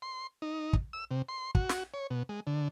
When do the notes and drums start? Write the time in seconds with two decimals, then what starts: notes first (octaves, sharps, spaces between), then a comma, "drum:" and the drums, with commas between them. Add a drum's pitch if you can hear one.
0.02 C6
0.42 D#4
0.73 drum: kick
0.93 E6
1.11 C3
1.29 C6
1.55 F#4, drum: kick
1.69 drum: snare
1.94 C#5
2.10 B2
2.29 G#3
2.47 D3